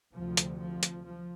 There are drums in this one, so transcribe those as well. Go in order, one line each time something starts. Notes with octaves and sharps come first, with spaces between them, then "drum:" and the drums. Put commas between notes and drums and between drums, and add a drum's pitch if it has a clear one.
D2 C3 F3
drum: hi-hat
F3
drum: hi-hat
F3